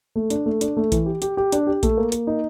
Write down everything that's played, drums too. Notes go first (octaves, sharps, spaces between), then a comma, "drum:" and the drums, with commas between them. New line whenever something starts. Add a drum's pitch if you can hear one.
A3
D4, drum: hi-hat
A3
D4, drum: hi-hat
A3
E3, drum: kick A#1, hi-hat
G4
G4, drum: hi-hat
G4
D4, drum: hi-hat
G4
A3, drum: kick A#1, hi-hat
A#3
A#3, drum: hi-hat
D#4